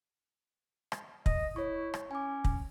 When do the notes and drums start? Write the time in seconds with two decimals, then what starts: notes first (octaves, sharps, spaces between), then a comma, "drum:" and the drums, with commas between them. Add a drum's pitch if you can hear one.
0.92 drum: rim click
1.26 D#5, drum: kick
1.56 E4 C#5 C#6
1.94 drum: rim click
2.11 C#4 G#5 D6
2.45 drum: kick